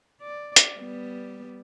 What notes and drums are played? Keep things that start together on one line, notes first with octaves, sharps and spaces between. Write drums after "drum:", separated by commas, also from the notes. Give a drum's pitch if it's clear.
D5
drum: hi-hat
G3 B3